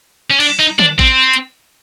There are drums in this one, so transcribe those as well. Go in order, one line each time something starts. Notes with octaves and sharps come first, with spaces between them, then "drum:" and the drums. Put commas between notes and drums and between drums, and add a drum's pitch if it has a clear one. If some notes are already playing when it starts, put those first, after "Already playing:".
C#4
D4, drum: cymbal
D#4
D4, drum: tom D3
C4, drum: kick A1
drum: hi-hat